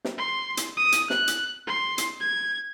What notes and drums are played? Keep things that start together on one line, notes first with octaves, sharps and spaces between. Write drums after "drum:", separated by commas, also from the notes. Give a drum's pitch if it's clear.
drum: snare
C6
drum: hi-hat
D#6
drum: hi-hat
F#6, drum: snare
drum: hi-hat
C6
drum: hi-hat
G#6